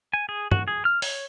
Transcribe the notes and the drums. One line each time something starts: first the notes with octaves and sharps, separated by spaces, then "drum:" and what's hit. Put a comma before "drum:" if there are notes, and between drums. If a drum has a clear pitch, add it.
G#5
G#4
F#4, drum: tom
G#4
F6
C#5, drum: open hi-hat